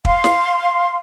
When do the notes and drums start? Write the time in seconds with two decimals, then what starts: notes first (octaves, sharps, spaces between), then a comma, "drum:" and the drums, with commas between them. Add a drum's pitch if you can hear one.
0.05 F5 C6, drum: kick
0.24 drum: snare